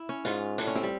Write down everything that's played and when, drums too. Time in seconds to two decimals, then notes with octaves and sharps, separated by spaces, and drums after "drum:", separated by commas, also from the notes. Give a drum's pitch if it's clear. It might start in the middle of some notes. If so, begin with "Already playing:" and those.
Already playing: E4
0.09 C#4
0.25 G#2 F4, drum: hi-hat
0.58 A2 D4, drum: hi-hat
0.67 C#4
0.75 C4, drum: snare
0.83 G3